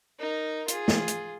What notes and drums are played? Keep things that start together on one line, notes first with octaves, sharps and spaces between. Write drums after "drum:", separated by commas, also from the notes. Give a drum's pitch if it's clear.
D#4 A#4
F4 G#4, drum: hi-hat
drum: snare
drum: hi-hat